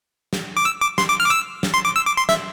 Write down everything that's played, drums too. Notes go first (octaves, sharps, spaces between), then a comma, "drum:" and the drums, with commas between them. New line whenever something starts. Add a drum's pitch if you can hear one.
drum: snare
D6
E6
D6
C6, drum: snare
D6
F6
D6
E6
drum: snare
C6
D6
E6
D6
C6
E5, drum: snare